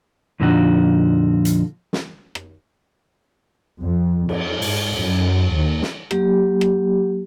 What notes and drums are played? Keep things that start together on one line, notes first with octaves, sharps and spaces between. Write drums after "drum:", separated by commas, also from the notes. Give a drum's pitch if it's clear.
F2 A#2 D3 F3 D#4 F#4
drum: hi-hat
drum: snare
drum: rim click
F2
F2, drum: cymbal
G#2, drum: open hi-hat
F#2
D#2
drum: snare
F#3 A#3 G4, drum: rim click
drum: rim click